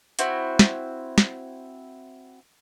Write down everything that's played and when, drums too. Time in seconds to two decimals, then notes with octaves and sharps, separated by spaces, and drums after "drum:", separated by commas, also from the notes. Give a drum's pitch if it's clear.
0.19 C4 E4 F#4, drum: hi-hat
0.59 drum: snare
1.18 drum: snare